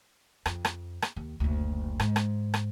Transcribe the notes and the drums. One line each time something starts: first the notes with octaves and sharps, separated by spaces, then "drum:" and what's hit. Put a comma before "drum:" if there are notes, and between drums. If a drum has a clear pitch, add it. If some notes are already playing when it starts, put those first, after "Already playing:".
F2, drum: rim click
drum: rim click
drum: rim click
D#2
F#1 D2
G#2, drum: rim click
drum: rim click
drum: rim click